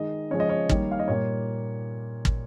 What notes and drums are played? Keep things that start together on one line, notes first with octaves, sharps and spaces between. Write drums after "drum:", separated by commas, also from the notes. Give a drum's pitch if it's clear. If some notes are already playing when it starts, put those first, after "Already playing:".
Already playing: D#3 G#3 D#5
C#3 F3 G#3 C#5
D#5
C#5
D#3 G3 A#3, drum: kick
F5
D#5
A#2 G3 A#3 C#5
drum: kick